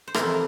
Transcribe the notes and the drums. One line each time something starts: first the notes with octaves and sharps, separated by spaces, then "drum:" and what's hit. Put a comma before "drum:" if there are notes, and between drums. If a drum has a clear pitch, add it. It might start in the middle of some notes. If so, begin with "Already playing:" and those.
C5
F2 C3 E3 A3 A#4, drum: rim click